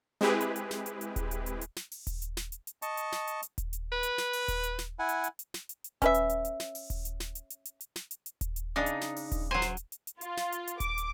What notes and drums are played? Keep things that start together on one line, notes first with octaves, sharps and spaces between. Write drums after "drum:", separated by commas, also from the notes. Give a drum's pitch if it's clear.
G#3 C4 E4 G4 G#4 B4
drum: hi-hat
drum: hi-hat
drum: snare
drum: hi-hat
drum: hi-hat
drum: kick D#1, hi-hat
drum: hi-hat
drum: hi-hat
drum: hi-hat
drum: snare
drum: open hi-hat
drum: kick D#1, hi-hat
drum: hi-hat
drum: snare
drum: hi-hat
drum: hi-hat
D#5 A5 C#6, drum: hi-hat
drum: hi-hat
drum: snare
drum: hi-hat
drum: hi-hat
drum: kick D#1, hi-hat
drum: hi-hat
B4
drum: hi-hat
drum: snare
drum: open hi-hat
drum: kick D#1, hi-hat
drum: hi-hat
drum: snare
E4 F#5 G#5
drum: hi-hat
drum: hi-hat
drum: hi-hat
drum: snare
drum: hi-hat
drum: hi-hat
C#4 B4 E5, drum: kick D#1, hi-hat
drum: hi-hat
drum: hi-hat
drum: hi-hat
drum: snare
drum: open hi-hat
drum: kick D#1, hi-hat
drum: hi-hat
drum: snare
drum: hi-hat
drum: hi-hat
drum: hi-hat
drum: hi-hat
drum: snare
drum: hi-hat
drum: hi-hat
drum: kick D#1, hi-hat
drum: hi-hat
C#3 D4 D#4 D#6
drum: hi-hat
drum: snare
drum: open hi-hat
drum: kick D#1, hi-hat
F#3 C5 G#5
drum: snare
drum: hi-hat
drum: hi-hat
drum: hi-hat
F4, drum: hi-hat
drum: snare
drum: hi-hat
drum: hi-hat
D6, drum: kick D#1, hi-hat
drum: hi-hat